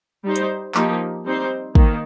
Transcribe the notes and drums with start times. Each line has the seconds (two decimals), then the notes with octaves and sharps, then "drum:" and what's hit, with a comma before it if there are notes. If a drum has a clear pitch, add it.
0.24 G3 D#4 C5
0.36 drum: hi-hat
0.75 F3 A#3 D#4 G4, drum: clap
1.25 G3 C4 D#4 C5
1.75 D#3 A#3, drum: kick